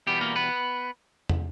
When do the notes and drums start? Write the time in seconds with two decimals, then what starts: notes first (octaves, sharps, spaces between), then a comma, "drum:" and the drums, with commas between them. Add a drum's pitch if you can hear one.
0.07 E2 B2 G3 B3 G4
0.21 A#3 A#4
0.36 B3 B4
1.29 drum: tom